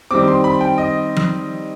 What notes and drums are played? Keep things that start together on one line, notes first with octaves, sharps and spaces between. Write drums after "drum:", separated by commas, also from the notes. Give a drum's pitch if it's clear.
D#3 G3 C4 D6
C6
B5
G5
D#5
drum: tom F3